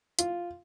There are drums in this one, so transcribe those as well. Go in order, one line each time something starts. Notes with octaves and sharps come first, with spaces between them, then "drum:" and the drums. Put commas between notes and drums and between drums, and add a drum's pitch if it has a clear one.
F4, drum: hi-hat